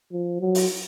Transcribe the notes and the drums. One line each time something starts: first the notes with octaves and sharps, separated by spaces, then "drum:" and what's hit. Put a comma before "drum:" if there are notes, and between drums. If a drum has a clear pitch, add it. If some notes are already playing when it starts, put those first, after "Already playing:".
F3
F#3
drum: open hi-hat